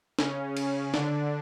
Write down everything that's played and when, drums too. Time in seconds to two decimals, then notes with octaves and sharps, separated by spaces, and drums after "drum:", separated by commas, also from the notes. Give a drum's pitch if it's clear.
0.19 C#3 C#4, drum: snare
0.57 drum: cymbal
0.94 D3 D4, drum: snare